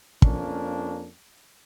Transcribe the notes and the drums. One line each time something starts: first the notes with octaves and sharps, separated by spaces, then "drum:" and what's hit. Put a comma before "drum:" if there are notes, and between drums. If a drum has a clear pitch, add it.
F2 A#3 C#4 D4, drum: kick